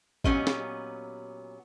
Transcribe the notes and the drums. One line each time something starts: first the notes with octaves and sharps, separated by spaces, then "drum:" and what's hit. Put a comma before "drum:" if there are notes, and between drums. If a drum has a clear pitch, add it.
A#2 F#3 B3 C#4 G4 D#5, drum: kick G#1
drum: snare